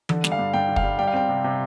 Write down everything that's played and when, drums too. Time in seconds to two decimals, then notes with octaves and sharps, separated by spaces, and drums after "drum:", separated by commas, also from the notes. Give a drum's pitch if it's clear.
0.09 D3, drum: tom E3
0.24 G3, drum: snare
0.32 F5
0.39 G2
0.54 G2 G5
0.69 D3
0.76 F5, drum: kick
0.84 G3
0.99 G3 G5
1.08 F5
1.13 C4 G5
1.29 C3
1.44 C3